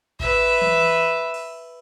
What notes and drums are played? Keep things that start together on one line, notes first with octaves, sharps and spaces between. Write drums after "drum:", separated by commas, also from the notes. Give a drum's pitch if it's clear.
B4 E5, drum: kick G#1
drum: tom E3
drum: cymbal